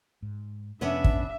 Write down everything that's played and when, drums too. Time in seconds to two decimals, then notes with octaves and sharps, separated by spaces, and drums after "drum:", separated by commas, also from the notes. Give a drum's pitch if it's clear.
0.22 G#2
0.81 F2 C3 F3 B3 C#4 D4 B4 E5
1.04 drum: kick